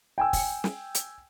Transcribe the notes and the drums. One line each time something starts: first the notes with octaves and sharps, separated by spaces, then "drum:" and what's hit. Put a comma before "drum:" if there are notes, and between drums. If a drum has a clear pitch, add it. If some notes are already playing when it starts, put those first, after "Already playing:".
G5 G#5 E6
drum: kick, open hi-hat
drum: snare
drum: hi-hat